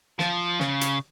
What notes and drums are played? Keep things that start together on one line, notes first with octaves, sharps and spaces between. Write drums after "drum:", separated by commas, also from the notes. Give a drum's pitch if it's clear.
F3, drum: snare
C#3, drum: snare
drum: hi-hat